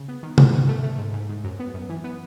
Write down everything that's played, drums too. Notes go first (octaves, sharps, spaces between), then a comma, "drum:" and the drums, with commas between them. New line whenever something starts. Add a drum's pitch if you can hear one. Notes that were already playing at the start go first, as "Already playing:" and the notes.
Already playing: C#3
B3
D#3
D#3, drum: tom C3
G#2
A3
A3
G#2
G#2
G#2
F#2
B3
F#2
E3
B3